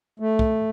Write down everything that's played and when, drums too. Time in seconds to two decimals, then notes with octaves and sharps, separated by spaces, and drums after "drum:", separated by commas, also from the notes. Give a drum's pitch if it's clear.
0.20 A3
0.39 drum: kick